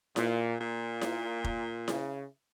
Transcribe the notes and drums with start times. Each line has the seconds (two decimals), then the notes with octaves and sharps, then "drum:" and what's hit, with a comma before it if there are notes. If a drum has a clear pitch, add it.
0.16 A#2, drum: snare E4
0.59 A#2
1.01 drum: snare E4
1.44 drum: kick F1
1.88 C#3, drum: snare E4